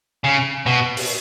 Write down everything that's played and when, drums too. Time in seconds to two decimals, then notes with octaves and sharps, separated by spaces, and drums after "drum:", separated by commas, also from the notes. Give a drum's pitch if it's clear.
0.24 C#3
0.66 B2
0.97 drum: open hi-hat